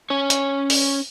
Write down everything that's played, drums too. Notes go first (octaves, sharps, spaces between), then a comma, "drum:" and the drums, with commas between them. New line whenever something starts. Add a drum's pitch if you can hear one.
C#4 C#5
drum: hi-hat
drum: open hi-hat